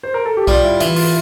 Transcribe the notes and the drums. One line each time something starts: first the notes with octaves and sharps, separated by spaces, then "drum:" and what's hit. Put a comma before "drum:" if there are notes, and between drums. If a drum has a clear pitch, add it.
C5
A#4
A4
G4
G3 F4, drum: kick B1
E4
E3 E4, drum: hi-hat
F4, drum: open hi-hat